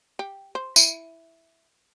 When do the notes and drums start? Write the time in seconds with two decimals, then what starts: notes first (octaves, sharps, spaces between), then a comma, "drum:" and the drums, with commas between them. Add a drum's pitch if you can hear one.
0.19 G4
0.55 C5
0.76 E4, drum: tambourine